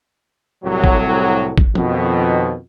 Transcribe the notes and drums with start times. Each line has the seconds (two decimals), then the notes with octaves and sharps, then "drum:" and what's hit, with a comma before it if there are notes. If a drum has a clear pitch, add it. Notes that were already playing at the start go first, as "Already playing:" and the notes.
0.65 C2 A2 F#3
0.84 drum: kick
1.58 drum: kick
1.75 F2 B2 D#3, drum: tom F3